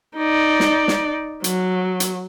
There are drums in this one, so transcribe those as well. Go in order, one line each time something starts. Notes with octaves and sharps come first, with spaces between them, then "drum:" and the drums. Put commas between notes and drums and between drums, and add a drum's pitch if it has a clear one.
D#4 D5
drum: snare
drum: snare
F#3, drum: hi-hat
drum: hi-hat